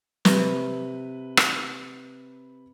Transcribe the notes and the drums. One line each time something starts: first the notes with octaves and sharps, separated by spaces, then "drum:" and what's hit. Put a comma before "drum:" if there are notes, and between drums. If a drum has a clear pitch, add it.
C3 B4, drum: snare
drum: rim click